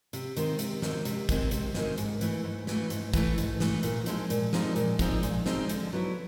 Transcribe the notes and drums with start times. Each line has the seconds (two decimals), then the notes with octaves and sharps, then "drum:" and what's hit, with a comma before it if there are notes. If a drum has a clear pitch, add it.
0.13 C3, drum: hi-hat
0.37 D#3 G#3 C4, drum: hi-hat
0.59 C3, drum: hi-hat
0.82 D#3 G#3 C4, drum: snare
1.05 C3, drum: hi-hat
1.29 D#3 G#3 C4, drum: kick, hi-hat
1.51 C3, drum: hi-hat
1.74 D#3 G#3 C4, drum: snare
1.98 G#2, drum: hi-hat
2.21 E3 A3, drum: hi-hat
2.44 G#2
2.67 E3 A3, drum: snare
2.90 G#2, drum: hi-hat
3.14 E3 A3, drum: kick, hi-hat
3.38 G#2, drum: hi-hat
3.60 E3 A3, drum: snare
3.83 A#2, drum: hi-hat
4.06 F3 G#3 C4 D#4, drum: hi-hat
4.30 A#2, drum: hi-hat
4.53 F3 G#3 C4 D#4, drum: snare
4.76 A#2, drum: hi-hat
4.99 F3 G#3 C4 D#4, drum: kick, hi-hat
5.23 A#2, drum: hi-hat
5.46 F3 G#3 C4 D#4, drum: snare
5.69 D3, drum: hi-hat
5.93 F#3 B3 E4